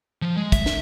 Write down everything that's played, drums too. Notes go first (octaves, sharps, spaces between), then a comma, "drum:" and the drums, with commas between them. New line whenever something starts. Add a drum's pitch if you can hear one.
F3
G#3
E5, drum: kick, hi-hat
drum: snare